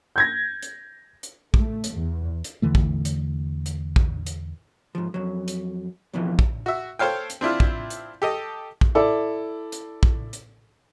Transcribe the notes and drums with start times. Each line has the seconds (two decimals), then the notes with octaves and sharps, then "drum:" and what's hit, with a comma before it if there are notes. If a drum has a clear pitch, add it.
0.16 G6 G#6 A#6
0.62 drum: hi-hat
1.23 drum: hi-hat
1.54 A3, drum: kick
1.84 drum: hi-hat
1.94 E2
2.44 drum: hi-hat
2.62 E2 D3 E3 A3
2.75 drum: kick
3.05 drum: hi-hat
3.66 drum: hi-hat
3.96 drum: kick
4.26 drum: hi-hat
4.95 G#2 F3
5.14 F2 F#3
5.48 drum: hi-hat
6.13 B1 F2 B2 E3 F3
6.39 drum: kick
6.66 F#4 E5
6.99 A4 C5 C#5 F5 G5
7.30 drum: hi-hat
7.41 C4 D4 E4 F4
7.60 drum: kick
7.90 drum: hi-hat
8.22 G4 A4 D#5
8.81 drum: kick
8.95 E4 A4 D5
9.72 drum: hi-hat
10.03 drum: kick
10.33 drum: hi-hat